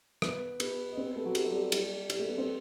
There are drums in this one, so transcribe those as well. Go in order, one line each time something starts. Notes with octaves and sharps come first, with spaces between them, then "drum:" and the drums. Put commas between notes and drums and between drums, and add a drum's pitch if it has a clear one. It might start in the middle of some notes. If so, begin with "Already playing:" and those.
B3 B4, drum: rim click
B3 B4, drum: cymbal
D#5
C4 C5
B3 B4
A3 A4
F#3 F#4
G4, drum: cymbal
A4
G3 G4
G3 G4, drum: cymbal
G3 G4, drum: cymbal
A3 A4
B3 B4
C4 C5